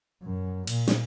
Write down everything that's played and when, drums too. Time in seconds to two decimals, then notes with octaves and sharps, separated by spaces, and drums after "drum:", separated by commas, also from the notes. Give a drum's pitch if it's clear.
0.23 F#2
0.67 A#2, drum: cymbal
0.88 drum: snare